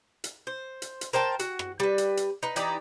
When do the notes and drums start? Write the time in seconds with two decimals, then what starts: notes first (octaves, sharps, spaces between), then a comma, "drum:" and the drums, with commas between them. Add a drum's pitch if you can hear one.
0.24 drum: hi-hat
0.47 C5
0.82 drum: hi-hat
1.01 drum: hi-hat
1.13 A#4 C5 G5 A5
1.39 F#4, drum: hi-hat
1.59 drum: rim click
1.80 G3 B4
1.98 drum: hi-hat
2.17 drum: hi-hat
2.43 D#4 B4
2.56 E3 D#4 G4 D5, drum: hi-hat